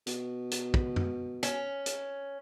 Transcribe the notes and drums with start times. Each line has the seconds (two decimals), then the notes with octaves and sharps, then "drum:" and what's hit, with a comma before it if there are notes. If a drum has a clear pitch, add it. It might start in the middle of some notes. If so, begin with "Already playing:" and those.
0.07 B2, drum: hi-hat
0.51 drum: hi-hat
0.74 drum: kick
0.96 drum: tom F#2
1.43 C#4, drum: hi-hat
1.86 drum: hi-hat